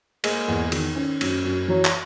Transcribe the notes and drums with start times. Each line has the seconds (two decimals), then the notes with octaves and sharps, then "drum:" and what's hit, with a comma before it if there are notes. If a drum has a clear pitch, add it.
0.24 G#3 A#3, drum: cymbal
0.48 E2
0.72 D#3, drum: cymbal
0.96 C#4
1.21 F#2, drum: cymbal
1.45 F#2
1.68 E3 F#3
1.85 drum: clap